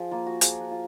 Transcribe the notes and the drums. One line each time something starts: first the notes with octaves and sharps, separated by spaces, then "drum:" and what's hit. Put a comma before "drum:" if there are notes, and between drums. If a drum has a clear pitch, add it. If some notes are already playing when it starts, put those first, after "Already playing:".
Already playing: F3 G#4
A#3 F4
F#4
F3 G#4, drum: hi-hat
F#4
F4